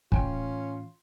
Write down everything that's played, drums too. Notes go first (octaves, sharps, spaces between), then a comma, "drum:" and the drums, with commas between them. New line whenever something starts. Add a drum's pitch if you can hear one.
A2 E3 C#4 F4 G5 G#5, drum: kick